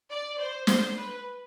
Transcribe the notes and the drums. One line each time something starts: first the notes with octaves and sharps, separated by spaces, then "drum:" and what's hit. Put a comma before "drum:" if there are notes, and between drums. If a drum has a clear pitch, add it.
D5
C5
C5, drum: snare
B4